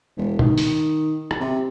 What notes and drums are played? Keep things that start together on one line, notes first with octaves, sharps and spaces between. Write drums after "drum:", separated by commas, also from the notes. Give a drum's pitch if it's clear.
E1
D#3, drum: tom
drum: open hi-hat
drum: rim click
C3